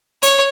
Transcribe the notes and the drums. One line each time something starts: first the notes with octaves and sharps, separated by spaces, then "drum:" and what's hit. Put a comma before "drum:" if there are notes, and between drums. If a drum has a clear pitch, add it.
C#5, drum: hi-hat